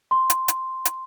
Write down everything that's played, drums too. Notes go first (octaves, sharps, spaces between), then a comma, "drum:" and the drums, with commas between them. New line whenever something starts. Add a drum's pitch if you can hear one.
C6
drum: hi-hat
drum: hi-hat
drum: hi-hat